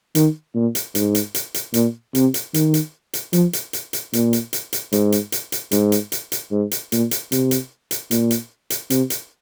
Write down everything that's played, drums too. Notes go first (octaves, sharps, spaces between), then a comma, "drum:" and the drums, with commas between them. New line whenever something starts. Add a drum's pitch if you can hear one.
D#3, drum: hi-hat
A#2
drum: hi-hat
G#2, drum: hi-hat
drum: hi-hat
drum: hi-hat
drum: hi-hat
A#2, drum: hi-hat
C3, drum: hi-hat
drum: hi-hat
D#3, drum: hi-hat
drum: hi-hat
drum: hi-hat
F3, drum: hi-hat
drum: hi-hat
drum: hi-hat
drum: hi-hat
A#2, drum: hi-hat
drum: hi-hat
drum: hi-hat
drum: hi-hat
G#2, drum: hi-hat
drum: hi-hat
drum: hi-hat
drum: hi-hat
G#2, drum: hi-hat
drum: hi-hat
drum: hi-hat
drum: hi-hat
G#2
drum: hi-hat
A#2, drum: hi-hat
drum: hi-hat
C3, drum: hi-hat
drum: hi-hat
drum: hi-hat
A#2, drum: hi-hat
drum: hi-hat
drum: hi-hat
C3, drum: hi-hat
drum: hi-hat